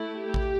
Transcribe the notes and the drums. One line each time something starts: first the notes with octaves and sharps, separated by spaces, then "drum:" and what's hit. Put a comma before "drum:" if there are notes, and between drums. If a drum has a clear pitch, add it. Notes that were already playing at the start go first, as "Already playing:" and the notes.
Already playing: A3 E4
G4
drum: kick A1